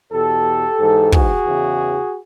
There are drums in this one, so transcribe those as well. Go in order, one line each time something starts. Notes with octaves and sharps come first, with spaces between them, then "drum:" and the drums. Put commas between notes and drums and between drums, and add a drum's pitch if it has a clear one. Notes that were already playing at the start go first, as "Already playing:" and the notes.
E2 B2 G4 A4
G#2 E3
F#4 G#4, drum: kick
E2 C#3 E3